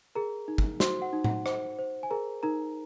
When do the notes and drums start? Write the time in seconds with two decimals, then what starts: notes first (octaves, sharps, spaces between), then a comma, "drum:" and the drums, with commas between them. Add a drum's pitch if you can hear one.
0.15 G#4 A#4 A#5
0.48 D#4
0.58 drum: kick
0.80 F#4 C5 C6, drum: snare
1.02 F#5
1.13 D#4
1.24 F#5, drum: tom A2
1.46 C5, drum: rim click
1.79 C5
2.03 G#5
2.11 G#4 A#4 A#5
2.43 D#4 A#4 A#5